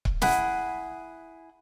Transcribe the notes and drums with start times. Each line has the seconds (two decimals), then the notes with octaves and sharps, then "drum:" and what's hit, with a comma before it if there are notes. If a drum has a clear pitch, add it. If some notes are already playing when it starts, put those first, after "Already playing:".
0.05 drum: kick C#1
0.22 E4 G#4 F#5, drum: snare